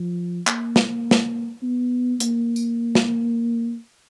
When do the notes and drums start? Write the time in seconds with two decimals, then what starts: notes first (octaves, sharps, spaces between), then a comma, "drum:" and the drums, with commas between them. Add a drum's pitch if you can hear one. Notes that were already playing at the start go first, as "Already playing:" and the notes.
Already playing: F3
0.47 A#3, drum: clap
0.76 drum: snare
1.11 drum: snare
1.63 B3
2.20 A#3, drum: hi-hat
2.56 drum: tambourine
2.95 drum: snare